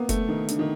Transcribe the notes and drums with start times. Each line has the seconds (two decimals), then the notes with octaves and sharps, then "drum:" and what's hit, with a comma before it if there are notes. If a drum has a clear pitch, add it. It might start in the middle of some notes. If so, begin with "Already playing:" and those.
Already playing: A#3 B3
0.09 A3, drum: kick F1, hi-hat
0.28 D#3
0.48 D3, drum: hi-hat
0.59 D#3